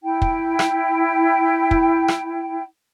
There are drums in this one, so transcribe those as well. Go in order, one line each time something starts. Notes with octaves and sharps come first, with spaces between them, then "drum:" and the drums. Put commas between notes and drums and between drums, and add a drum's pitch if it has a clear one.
E4 G5
drum: kick
drum: rim click
drum: kick
drum: rim click